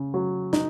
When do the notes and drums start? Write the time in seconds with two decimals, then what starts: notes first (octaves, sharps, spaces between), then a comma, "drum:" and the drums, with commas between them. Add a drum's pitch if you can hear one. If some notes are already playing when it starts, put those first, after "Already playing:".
Already playing: C#3
0.14 F#3
0.53 D#4, drum: snare